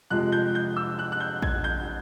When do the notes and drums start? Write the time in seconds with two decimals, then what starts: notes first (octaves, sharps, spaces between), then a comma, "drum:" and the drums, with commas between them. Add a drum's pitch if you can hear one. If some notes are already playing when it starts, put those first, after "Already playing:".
0.10 F2 C3 F3 G#3 F#6
0.32 G6
0.55 G6
0.76 E6
0.99 F#6
1.12 F#6
1.20 G6
1.42 G#6, drum: kick A#1
1.64 G6